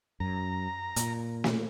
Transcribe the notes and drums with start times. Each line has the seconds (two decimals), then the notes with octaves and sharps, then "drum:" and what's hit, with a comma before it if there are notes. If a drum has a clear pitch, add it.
0.20 F#2 A#5
0.96 A#2, drum: hi-hat
1.44 drum: snare